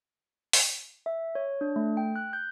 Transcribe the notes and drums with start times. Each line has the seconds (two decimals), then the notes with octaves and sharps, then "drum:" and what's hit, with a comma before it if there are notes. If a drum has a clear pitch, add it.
0.53 drum: open hi-hat
1.06 E5
1.35 C#5
1.61 D4
1.76 A3
1.97 G5
2.16 F#6
2.33 G6